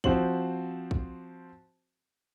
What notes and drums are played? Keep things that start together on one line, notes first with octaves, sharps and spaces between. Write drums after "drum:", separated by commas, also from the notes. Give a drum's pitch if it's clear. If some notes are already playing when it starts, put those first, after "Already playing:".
F3 C4 F#4 C5 F#7, drum: kick
drum: kick